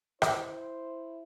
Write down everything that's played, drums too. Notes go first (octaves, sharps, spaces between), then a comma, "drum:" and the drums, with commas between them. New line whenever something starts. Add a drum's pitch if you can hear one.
E4 C5, drum: rim click